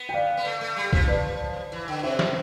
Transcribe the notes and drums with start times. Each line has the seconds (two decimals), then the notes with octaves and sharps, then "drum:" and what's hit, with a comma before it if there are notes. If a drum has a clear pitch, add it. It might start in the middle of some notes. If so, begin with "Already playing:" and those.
Already playing: B3
0.09 G5
0.14 D5 F5
0.37 B3
0.45 A3
0.61 A3
0.76 G3
0.93 F3, drum: kick
1.08 B4 D5
1.72 E3
1.88 D3
2.03 C3 C5 E5
2.19 B2 C5 E5, drum: snare